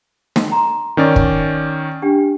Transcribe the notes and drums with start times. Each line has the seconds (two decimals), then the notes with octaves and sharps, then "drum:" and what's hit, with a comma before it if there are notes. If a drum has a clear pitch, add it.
0.36 drum: snare
0.52 A#5 C6
0.97 D#3 C#4 D5
1.16 drum: kick
2.02 D4 G4 G5